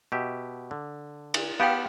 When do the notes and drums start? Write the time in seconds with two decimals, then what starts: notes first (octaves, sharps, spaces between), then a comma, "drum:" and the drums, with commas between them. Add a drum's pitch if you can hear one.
0.12 B2 G4 E5
0.71 D3
1.34 drum: cymbal
1.60 B3 G4 F5 G5 A5